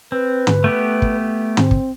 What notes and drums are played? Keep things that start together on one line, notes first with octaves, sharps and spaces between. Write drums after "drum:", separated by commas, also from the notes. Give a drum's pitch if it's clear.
C4 B4
drum: tom
A3 B3 G4
drum: kick
C4, drum: tom
drum: kick